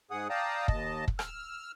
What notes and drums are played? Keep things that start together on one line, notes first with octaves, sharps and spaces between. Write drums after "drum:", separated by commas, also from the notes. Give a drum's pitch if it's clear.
G#2 G#4 F#5 D#6
D5 F5 G5 A5 A#5 D#6
D#2 D#5 A5, drum: kick
drum: kick
E6 F6, drum: rim click